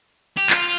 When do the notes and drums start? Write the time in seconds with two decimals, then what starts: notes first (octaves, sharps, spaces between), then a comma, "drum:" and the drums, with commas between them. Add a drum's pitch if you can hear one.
0.37 G4
0.50 F4, drum: clap